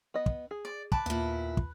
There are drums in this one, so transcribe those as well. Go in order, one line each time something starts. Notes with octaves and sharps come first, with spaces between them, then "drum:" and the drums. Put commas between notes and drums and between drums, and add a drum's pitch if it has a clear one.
B3 D#5
drum: kick
G#4
D5
B4 A5 D6, drum: kick
D#2 A#2 B3 E4
drum: kick